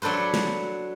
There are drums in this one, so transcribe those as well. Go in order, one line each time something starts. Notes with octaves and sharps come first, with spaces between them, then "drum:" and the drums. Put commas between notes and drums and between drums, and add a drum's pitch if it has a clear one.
F#3 D4 A4 B4 C5
drum: snare